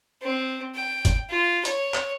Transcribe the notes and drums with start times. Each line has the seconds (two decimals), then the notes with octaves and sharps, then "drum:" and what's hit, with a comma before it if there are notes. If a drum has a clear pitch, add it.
0.22 C4
0.75 G5
1.05 drum: kick, hi-hat
1.30 F4
1.65 C#5, drum: hi-hat
1.94 drum: clap